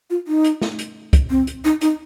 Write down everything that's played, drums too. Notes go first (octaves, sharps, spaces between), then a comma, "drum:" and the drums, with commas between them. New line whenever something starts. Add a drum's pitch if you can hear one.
F4
D#4
drum: hi-hat
drum: snare
drum: hi-hat
drum: kick, hi-hat
C4
drum: hi-hat
D#4
D#4, drum: hi-hat